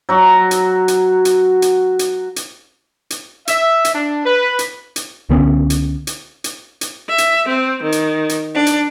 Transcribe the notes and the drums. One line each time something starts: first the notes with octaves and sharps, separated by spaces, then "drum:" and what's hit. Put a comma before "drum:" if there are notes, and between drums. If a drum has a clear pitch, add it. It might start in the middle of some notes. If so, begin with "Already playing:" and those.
F#3 F#4
drum: hi-hat
drum: hi-hat
drum: hi-hat
drum: hi-hat
drum: hi-hat
drum: hi-hat
drum: hi-hat
E5, drum: hi-hat
drum: hi-hat
D4
B4
drum: hi-hat
drum: hi-hat
C#2 D3 B3 C#4
drum: hi-hat
drum: hi-hat
drum: hi-hat
drum: hi-hat
E5
drum: hi-hat
C4
D#3
drum: hi-hat
drum: hi-hat
D4
drum: hi-hat